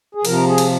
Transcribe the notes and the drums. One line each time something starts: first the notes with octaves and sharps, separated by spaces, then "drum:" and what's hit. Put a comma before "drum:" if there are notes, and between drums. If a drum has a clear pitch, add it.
G#4
C3 F3 A#4, drum: cymbal
G#4
drum: cymbal